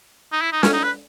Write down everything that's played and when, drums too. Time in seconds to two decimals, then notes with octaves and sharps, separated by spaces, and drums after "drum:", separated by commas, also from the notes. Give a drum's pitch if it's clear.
0.32 D#4
0.41 E4
0.53 D#4
0.63 C#4, drum: snare
0.73 D#4
0.84 B4